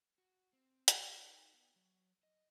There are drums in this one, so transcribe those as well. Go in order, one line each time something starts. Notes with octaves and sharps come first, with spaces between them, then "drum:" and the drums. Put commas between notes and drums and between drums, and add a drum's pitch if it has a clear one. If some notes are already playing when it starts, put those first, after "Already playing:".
F#4
C4
D#5, drum: hi-hat
D#4
B3
F#3
D#5